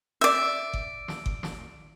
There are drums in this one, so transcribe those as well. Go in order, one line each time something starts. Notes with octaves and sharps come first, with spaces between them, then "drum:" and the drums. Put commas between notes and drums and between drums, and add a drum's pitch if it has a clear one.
D5 E5
drum: kick G1
drum: snare
drum: kick G1
drum: snare